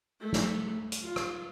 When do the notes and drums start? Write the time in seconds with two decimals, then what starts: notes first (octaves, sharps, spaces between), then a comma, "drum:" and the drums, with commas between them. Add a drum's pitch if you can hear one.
0.21 A3
0.33 drum: snare
0.92 drum: hi-hat
1.02 F4
1.16 drum: rim click